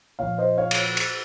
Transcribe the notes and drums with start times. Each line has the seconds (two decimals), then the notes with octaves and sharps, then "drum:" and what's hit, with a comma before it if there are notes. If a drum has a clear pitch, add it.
0.19 A#2 F3 C#5 F5
0.38 C5 D#5
0.58 C#5 F5
0.71 drum: cymbal
0.97 drum: cymbal